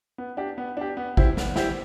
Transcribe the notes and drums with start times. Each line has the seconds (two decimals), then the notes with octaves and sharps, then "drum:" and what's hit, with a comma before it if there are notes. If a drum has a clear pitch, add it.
0.18 B3
0.37 D4 G4
0.58 B3
0.77 D4 G4
0.97 B3
1.17 E4 G4 C5, drum: kick
1.37 B3, drum: snare
1.56 E4 G4 C5, drum: snare